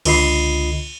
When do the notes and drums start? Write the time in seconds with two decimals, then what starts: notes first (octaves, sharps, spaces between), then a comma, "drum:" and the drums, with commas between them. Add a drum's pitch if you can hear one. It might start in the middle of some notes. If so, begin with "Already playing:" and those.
0.05 C#2 D3 F4 D#5 B5 C7, drum: cymbal